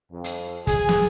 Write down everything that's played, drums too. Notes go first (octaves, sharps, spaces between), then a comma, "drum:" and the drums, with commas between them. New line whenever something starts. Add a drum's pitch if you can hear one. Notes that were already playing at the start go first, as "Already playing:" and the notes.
F2
drum: hi-hat
G#4, drum: kick, hi-hat
drum: snare